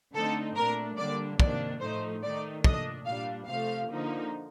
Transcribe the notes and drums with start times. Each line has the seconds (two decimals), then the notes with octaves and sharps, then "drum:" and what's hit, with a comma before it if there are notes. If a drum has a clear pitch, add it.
0.14 D3 A3 C4 D#4 A4
0.56 A#2 A3 D4 A#4
0.97 D3 G3 A#3 D4 D5
1.40 C3 D#3 A#3 D4 D5, drum: kick
1.80 A2 F3 A3 D#4 C5
2.23 D#3 A3 D#4 D5
2.64 A#2 A3 D4 D#5, drum: kick
3.06 A#2 G3 D4 F5
3.47 C3 F3 A3 F5
3.89 D3 F3 A#3 D#4